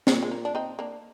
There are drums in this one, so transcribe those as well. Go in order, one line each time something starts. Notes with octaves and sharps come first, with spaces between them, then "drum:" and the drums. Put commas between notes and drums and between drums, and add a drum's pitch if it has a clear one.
A#2 G#3, drum: snare
G#3
A#3
D4
C4 D#4
A#3 D4